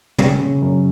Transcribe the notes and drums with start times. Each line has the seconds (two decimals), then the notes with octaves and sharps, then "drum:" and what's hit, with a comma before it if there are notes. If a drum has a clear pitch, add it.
0.18 C#4, drum: tom
0.41 C#3
0.62 F#2